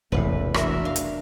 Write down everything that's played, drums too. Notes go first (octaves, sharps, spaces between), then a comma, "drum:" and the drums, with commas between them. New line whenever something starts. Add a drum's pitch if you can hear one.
E1 A1 E2 A2 C3 B4
D4 F#4 A#4 E5, drum: rim click
F5
drum: hi-hat